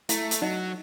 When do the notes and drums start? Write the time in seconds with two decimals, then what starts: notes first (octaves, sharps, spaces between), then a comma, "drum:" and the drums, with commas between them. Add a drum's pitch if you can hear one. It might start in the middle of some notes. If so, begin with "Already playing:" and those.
0.09 A3 E4 E5, drum: hi-hat
0.31 drum: hi-hat
0.42 F#3 D#4 D#5